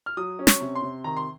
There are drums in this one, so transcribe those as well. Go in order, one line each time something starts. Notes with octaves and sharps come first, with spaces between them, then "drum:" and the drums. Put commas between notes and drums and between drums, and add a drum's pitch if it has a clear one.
F6
F#3 D#6
C#4
C#6, drum: snare
C3
C6
C3
D#3 A#5
C6